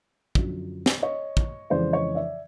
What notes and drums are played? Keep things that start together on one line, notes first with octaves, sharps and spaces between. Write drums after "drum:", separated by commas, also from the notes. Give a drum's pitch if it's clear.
F#2 D3 F3, drum: kick
drum: snare
C#5 D#5
drum: kick
F2 C#3 E3 G#3 C5 D5
C#5 D#5
D5 E5